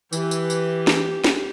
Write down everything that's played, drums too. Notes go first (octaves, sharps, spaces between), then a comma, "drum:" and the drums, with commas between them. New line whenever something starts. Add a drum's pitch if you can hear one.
E3 G4, drum: tambourine
drum: tambourine
drum: tambourine
drum: snare
drum: snare